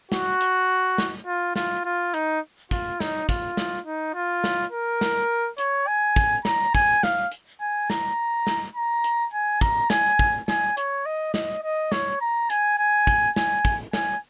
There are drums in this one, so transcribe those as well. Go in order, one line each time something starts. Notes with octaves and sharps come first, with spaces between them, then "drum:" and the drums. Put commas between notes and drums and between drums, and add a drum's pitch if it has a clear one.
F#4, drum: snare
drum: hi-hat
drum: snare
F4
F4, drum: snare
F4
D#4, drum: hi-hat
F4, drum: kick, hi-hat
D#4, drum: snare
F4, drum: kick, hi-hat
drum: snare
D#4
F4
drum: snare
A#4
drum: snare
C#5, drum: hi-hat
G#5
drum: kick, hi-hat
A#5, drum: snare
G#5, drum: kick, hi-hat
F5, drum: snare
drum: hi-hat
G#5
A#5, drum: snare
drum: snare
A#5
drum: hi-hat
G#5
A#5, drum: kick, hi-hat
G#5, drum: snare
drum: kick
G#5, drum: snare
C#5, drum: hi-hat
D#5
D#5, drum: snare
D#5
C#5, drum: snare
A#5
G#5, drum: hi-hat
G#5
drum: kick, hi-hat
G#5, drum: snare
drum: kick, hi-hat
G#5, drum: snare